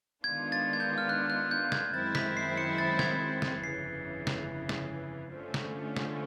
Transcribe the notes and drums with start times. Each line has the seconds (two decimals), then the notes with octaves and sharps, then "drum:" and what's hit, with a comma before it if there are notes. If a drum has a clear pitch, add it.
0.24 D#3 G#3 B3 D4 F4 G#6
0.52 A6
0.73 G#6
0.80 G6
0.98 F6
1.09 F#6
1.30 F#6
1.51 G6
1.72 G#6, drum: snare
1.93 F#2 D#3 G#3 C4 E4 A6
2.15 B6, drum: snare
2.37 C7
2.58 C#7
2.78 A6
2.99 G#6, drum: snare
3.42 drum: snare
3.63 G1 F2 C#3 E3 C7
4.27 drum: snare
4.69 drum: snare
5.33 D3 F3 A3 C#4
5.54 drum: snare
5.97 drum: snare